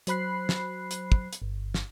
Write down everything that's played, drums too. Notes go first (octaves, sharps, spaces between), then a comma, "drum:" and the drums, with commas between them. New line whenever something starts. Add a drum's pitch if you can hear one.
F#3 C5 B5 F#6 C7, drum: hi-hat
drum: snare
drum: hi-hat
drum: kick
drum: hi-hat
G1
drum: snare